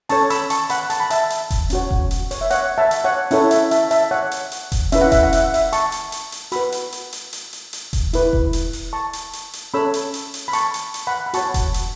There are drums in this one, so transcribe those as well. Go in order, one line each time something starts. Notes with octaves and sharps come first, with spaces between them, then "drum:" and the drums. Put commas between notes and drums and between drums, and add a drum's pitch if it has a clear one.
C#4 A4 C#5 A5 C#6, drum: open hi-hat
B5 E6, drum: hi-hat
A5 C#6, drum: hi-hat
F#5 B5, drum: hi-hat
A5, drum: hi-hat
B5
E5 A5, drum: hi-hat
drum: hi-hat
drum: kick E1, hi-hat
C#4 F#4 C#5, drum: hi-hat
drum: kick E1
drum: hi-hat
C#5, drum: open hi-hat
E5
C#5 F#5, drum: hi-hat
E5 A5
drum: hi-hat
C#5 F#5
C#4 E4 A4 C#5 E5, drum: open hi-hat
E5, drum: hi-hat
E5 A5, drum: hi-hat
E5 A5, drum: hi-hat
C#5 F#5
drum: hi-hat
drum: hi-hat
drum: kick E1, hi-hat
C#4 E4 B4 E5, drum: hi-hat
F#5
E5, drum: kick E1, hi-hat
F#5
E5, drum: hi-hat
F#5
E5, drum: open hi-hat
A5 C#6, drum: hi-hat
drum: hi-hat
drum: hi-hat
drum: hi-hat
F#4 B4 B5 E6, drum: open hi-hat
drum: hi-hat
drum: hi-hat
drum: hi-hat
drum: hi-hat
drum: hi-hat
drum: hi-hat
drum: kick E1, hi-hat
E4 B4, drum: hi-hat
drum: kick E1
drum: hi-hat
drum: open hi-hat
A5 C#6
drum: hi-hat
drum: hi-hat
drum: hi-hat
C#4 A4 C#5 B5 E6
drum: hi-hat
drum: hi-hat
drum: hi-hat
B5
A5 C#6, drum: hi-hat
drum: hi-hat
drum: hi-hat
F#5 B5
B5
F#4 C#5 A5 C#6, drum: hi-hat
drum: kick E1, hi-hat
drum: hi-hat